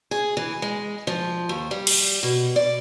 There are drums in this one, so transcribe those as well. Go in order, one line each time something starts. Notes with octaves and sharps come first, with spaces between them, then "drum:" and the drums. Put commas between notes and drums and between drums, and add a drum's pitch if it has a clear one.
G#4
E3
G#3
F3
D#2
G3
drum: cymbal
B2
D5